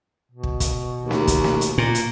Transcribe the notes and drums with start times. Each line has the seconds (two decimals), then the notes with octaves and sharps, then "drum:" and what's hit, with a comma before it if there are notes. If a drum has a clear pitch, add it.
0.32 B2
0.43 drum: kick
0.60 drum: kick, hi-hat
1.01 D#2
1.11 drum: snare
1.27 drum: kick, hi-hat
1.44 drum: snare
1.61 drum: hi-hat
1.78 A#2
1.95 drum: hi-hat